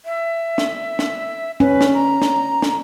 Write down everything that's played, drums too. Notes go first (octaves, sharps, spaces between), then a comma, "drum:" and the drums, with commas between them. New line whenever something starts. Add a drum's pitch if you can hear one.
E5
drum: snare
drum: snare
C#4 B4
drum: snare
A#5
drum: snare
drum: snare